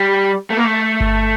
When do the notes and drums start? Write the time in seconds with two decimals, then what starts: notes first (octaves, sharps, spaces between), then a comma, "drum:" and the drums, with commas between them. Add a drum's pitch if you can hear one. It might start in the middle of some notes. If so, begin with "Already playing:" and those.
Already playing: G3
0.50 A3
0.57 A#3
0.64 A3
1.00 drum: kick G1